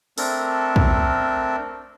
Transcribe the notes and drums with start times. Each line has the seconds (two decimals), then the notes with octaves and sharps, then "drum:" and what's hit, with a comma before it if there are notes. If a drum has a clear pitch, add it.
0.18 A3 C4 D4 A4 A#4, drum: open hi-hat
0.76 drum: kick